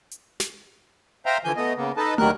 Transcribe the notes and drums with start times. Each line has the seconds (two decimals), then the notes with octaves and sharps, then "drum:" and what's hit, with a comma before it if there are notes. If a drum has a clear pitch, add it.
0.11 drum: hi-hat
0.40 drum: snare
1.26 C5 E5 F5 G5 A#5
1.44 D3 E3 F3 G#5 G6
1.57 A3 B3 D#5
1.77 C#3 A#3 B3
1.97 D#4 A4 B4 D#5 A5
2.18 D2 D#3 F#3 G3 A#4 F#6, drum: tom